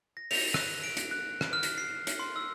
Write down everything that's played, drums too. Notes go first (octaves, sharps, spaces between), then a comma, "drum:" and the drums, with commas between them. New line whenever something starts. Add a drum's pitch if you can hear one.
A#6
F7, drum: open hi-hat
F#6, drum: rim click
D7
drum: hi-hat
F#6
drum: rim click
F6
drum: hi-hat
C7
drum: hi-hat
C6
E6